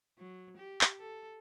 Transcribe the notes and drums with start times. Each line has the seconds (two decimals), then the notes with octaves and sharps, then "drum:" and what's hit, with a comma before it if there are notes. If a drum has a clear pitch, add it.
0.18 F#3
0.57 G4
0.81 drum: clap
0.99 A4